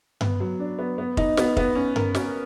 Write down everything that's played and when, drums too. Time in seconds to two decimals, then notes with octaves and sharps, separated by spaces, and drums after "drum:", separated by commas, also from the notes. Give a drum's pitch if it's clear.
0.21 B3, drum: tom G2
0.40 F#3
0.59 D4
0.79 B3
0.98 B3
1.17 D#4, drum: kick
1.37 B3, drum: snare
1.57 B3, drum: kick
1.75 C#4
1.96 A#4, drum: tom G2
2.15 C#4, drum: snare